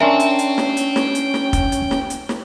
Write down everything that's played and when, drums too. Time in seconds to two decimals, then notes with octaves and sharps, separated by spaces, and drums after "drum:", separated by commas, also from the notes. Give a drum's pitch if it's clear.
0.01 C#4 D4 A#4 E5 G5 G#5 C6 C#6
0.20 drum: hi-hat
0.39 drum: hi-hat
0.58 drum: snare
0.77 drum: hi-hat
0.96 drum: snare
1.15 drum: hi-hat
1.34 drum: snare
1.53 drum: kick, hi-hat
1.72 drum: hi-hat
1.91 drum: snare
2.10 drum: hi-hat
2.29 drum: snare